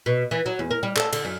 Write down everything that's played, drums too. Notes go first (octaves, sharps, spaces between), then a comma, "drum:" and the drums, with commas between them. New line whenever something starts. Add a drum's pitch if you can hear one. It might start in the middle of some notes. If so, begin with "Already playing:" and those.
B2
E3
F#3
E2
A#4
G3
A4, drum: clap
D3, drum: cymbal
F#2